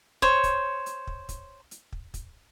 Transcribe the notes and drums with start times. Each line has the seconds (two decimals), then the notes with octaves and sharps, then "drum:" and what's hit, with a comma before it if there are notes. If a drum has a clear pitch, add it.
0.22 C5 C#5, drum: kick
0.44 drum: kick, hi-hat
0.86 drum: hi-hat
1.07 drum: kick
1.29 drum: kick, hi-hat
1.71 drum: hi-hat
1.92 drum: kick
2.14 drum: kick, hi-hat